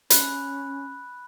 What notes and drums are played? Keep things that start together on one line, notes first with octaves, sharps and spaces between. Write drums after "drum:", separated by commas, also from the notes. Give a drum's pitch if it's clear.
C#4 B5 F#6, drum: hi-hat